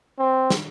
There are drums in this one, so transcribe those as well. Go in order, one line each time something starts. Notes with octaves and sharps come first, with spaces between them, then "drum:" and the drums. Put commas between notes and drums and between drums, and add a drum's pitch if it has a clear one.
C4
drum: snare